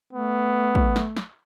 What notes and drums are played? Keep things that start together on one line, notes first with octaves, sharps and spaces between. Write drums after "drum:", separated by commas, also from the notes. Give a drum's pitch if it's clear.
A3 B3
drum: kick
drum: snare
drum: snare